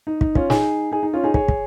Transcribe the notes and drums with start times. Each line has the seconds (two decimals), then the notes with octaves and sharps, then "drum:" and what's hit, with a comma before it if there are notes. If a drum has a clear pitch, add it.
0.07 D#4
0.21 D#4, drum: kick
0.35 C#4 F4, drum: kick
0.50 D#4 G#4, drum: snare
0.92 D#4 G#4
1.03 D#4
1.14 C#4 F4
1.24 D#4 G#4
1.34 G#4 C#5, drum: kick
1.48 drum: kick